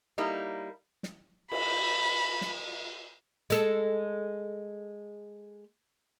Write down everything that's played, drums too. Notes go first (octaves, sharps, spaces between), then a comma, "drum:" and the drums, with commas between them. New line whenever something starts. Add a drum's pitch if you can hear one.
G3 A#3 D#4 E4
drum: snare
B5, drum: cymbal
drum: snare
G#3 A4, drum: hi-hat